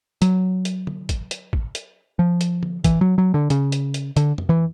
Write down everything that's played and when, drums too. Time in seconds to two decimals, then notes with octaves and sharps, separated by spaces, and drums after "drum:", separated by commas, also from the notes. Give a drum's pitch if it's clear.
0.22 F#3, drum: hi-hat
0.65 drum: hi-hat
0.87 drum: tom
1.09 drum: kick, hi-hat
1.31 drum: hi-hat
1.53 drum: kick
1.75 drum: hi-hat
2.19 F3
2.41 drum: hi-hat
2.63 drum: tom
2.84 E3, drum: kick, hi-hat
3.01 F#3
3.18 F#3
3.34 D3
3.50 C#3, drum: hi-hat
3.72 drum: hi-hat
3.94 drum: hi-hat
4.17 D3, drum: hi-hat
4.38 drum: tom
4.49 E3